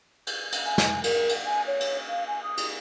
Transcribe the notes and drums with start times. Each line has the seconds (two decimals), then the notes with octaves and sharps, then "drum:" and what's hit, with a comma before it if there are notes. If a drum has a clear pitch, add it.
0.27 drum: cymbal
0.52 drum: cymbal
0.65 G#5
0.78 drum: snare
1.04 A#4, drum: cymbal
1.29 drum: cymbal
1.46 G#5
1.67 C#5
1.80 drum: cymbal
2.09 F5
2.27 G#5
2.43 D#6
2.57 drum: cymbal